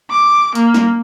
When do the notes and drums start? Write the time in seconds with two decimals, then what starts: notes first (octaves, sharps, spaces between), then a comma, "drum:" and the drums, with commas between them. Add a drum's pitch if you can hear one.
0.10 D6
0.55 A#3, drum: hi-hat
0.74 drum: snare